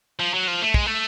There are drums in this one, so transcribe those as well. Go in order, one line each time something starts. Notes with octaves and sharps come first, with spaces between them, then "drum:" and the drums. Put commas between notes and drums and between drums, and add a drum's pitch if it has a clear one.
F3
F#3
F3
A3
G#3, drum: kick
A3